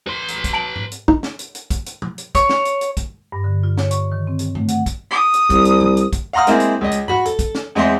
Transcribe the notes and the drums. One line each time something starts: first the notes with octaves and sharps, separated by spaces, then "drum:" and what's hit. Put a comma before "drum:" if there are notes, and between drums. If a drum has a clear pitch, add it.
B4 C6
drum: hi-hat
drum: kick, hi-hat
A5 D7 F#7
drum: tom G#2
drum: hi-hat
D#4, drum: kick
drum: snare
drum: hi-hat
drum: hi-hat
drum: kick, hi-hat
drum: hi-hat
drum: tom C3
drum: hi-hat
C#5, drum: kick, hi-hat
drum: snare
drum: hi-hat
drum: hi-hat
drum: kick, hi-hat
G2
D3
F4
C#5, drum: snare
C#6, drum: hi-hat
D#3
C4
drum: hi-hat
A3, drum: tom G#2
F#5, drum: hi-hat
drum: kick, hi-hat
D#6
drum: hi-hat
C2, drum: kick, hi-hat
drum: hi-hat
drum: tom C3
drum: hi-hat
drum: kick, hi-hat
F5 F#5 A#5 C6 D#6 F6
G#3 A#3 C4 E4 G#4, drum: hi-hat
drum: hi-hat
C#2 D#5
drum: hi-hat
F#4 B5, drum: tom G#2
A4, drum: hi-hat
drum: kick, hi-hat
drum: snare
E2 G#3 C4 D#5 E5 C6